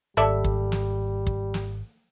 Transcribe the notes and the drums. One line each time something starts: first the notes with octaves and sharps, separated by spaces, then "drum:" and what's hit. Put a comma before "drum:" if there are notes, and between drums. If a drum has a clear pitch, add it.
G#1 G3 A4 D5 E5
drum: kick
drum: snare
drum: kick
drum: snare